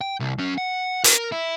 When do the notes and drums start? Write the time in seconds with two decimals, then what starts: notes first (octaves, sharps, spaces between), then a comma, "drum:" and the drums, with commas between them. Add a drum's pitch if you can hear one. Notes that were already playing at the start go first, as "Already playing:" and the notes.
0.01 G5
0.20 C2
0.39 F#3 C#4
0.58 F#5
1.04 A#4, drum: hi-hat
1.32 E4